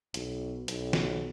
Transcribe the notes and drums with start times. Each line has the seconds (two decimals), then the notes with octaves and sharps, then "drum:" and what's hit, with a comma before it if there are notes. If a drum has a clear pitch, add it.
0.14 B1, drum: hi-hat
0.68 B1, drum: hi-hat
0.93 drum: snare